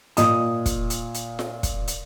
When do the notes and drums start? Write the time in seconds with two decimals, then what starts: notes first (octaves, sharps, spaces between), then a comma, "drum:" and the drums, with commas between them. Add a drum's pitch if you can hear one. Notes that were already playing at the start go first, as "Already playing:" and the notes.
0.17 A#2 D#5 D#6, drum: hi-hat
0.66 drum: kick, hi-hat
0.90 drum: hi-hat
1.14 drum: hi-hat
1.39 drum: snare F4
1.63 drum: kick, hi-hat
1.87 drum: hi-hat